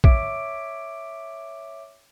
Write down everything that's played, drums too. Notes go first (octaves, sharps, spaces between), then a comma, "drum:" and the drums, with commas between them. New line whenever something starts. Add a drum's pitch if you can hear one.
C#5 E5 D6 D7, drum: kick